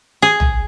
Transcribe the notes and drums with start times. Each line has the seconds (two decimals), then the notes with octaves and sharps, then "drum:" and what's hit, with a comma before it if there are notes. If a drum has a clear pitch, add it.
0.22 G#4
0.40 drum: tom A#1